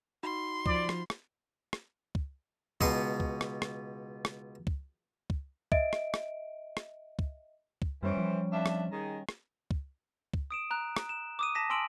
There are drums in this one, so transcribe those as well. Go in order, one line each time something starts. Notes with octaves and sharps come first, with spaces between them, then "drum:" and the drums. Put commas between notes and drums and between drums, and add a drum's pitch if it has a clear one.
D#4 F#4 B5 C6
F3 D5, drum: kick
drum: rim click
drum: rim click
drum: rim click
drum: kick
C#2 B2 B3 B4 C6, drum: kick
drum: kick
drum: rim click
drum: rim click
drum: rim click
drum: kick
drum: kick
D#5 E5 D7, drum: kick
drum: rim click
drum: rim click
drum: rim click
drum: kick
drum: kick
F#2 E3 G3 C#4 C5 D7
F3
F2 D4 E5
drum: rim click
D#3 G#4
drum: rim click
drum: kick
drum: kick
D#6 D7 E7
A#5 F#6
drum: rim click
E7
D6 D#6 D#7
A5 A#6 B6 D#7
G#5 A5 C6 E6 D7 F#7